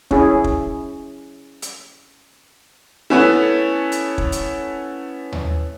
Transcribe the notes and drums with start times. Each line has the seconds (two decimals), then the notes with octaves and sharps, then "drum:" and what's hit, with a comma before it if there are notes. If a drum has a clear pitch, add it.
0.11 C#4 E4 G#4, drum: kick
0.44 drum: kick
1.62 drum: hi-hat
3.10 A3 B3 C#4 E4
3.92 drum: hi-hat
4.18 drum: kick
4.32 drum: hi-hat
5.32 drum: tom D#2